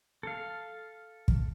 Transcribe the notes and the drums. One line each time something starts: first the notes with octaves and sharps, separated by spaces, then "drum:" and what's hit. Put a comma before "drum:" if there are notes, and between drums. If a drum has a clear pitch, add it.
A4 F5
drum: kick